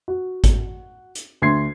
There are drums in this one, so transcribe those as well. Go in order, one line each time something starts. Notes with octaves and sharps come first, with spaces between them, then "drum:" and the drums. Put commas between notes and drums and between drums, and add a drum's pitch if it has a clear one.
F#4
drum: kick G#1, hi-hat
drum: hi-hat
D2 C6 G#6 C7